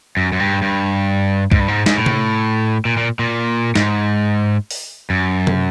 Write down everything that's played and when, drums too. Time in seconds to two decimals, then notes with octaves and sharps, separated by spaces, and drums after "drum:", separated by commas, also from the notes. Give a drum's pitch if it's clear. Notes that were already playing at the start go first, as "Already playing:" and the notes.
0.17 F#2
0.32 F#2
0.40 G2
0.62 G2
1.52 G#2, drum: kick
1.60 G2
1.68 G#2
1.86 G#2, drum: snare
1.96 A2
2.06 drum: tom C3
2.85 A#2
2.97 A#2
3.19 A#2
3.75 G#2, drum: snare
4.71 drum: open hi-hat
5.10 F#2
5.47 drum: tom C3